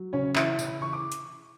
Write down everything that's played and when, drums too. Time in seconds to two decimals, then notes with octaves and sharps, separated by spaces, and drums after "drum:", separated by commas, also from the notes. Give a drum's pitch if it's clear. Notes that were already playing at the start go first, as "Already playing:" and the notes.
Already playing: F#3
0.13 C#3 C#4 C#5
0.36 E3 E4 E5, drum: clap
0.59 C#3, drum: tambourine
0.82 E3 C#6
0.93 D6
1.12 drum: hi-hat